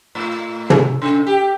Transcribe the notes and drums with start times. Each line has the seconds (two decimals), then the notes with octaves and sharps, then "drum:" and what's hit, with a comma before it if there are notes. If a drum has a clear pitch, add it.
0.15 A2
0.70 drum: tom
1.02 C#3
1.27 G4